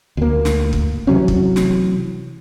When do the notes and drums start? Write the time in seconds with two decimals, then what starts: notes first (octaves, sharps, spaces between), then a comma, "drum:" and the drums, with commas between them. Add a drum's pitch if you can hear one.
0.17 D2 A#3
0.45 drum: snare
0.73 drum: kick
1.07 C3 E3 F#3 C#4
1.28 drum: kick
1.56 drum: snare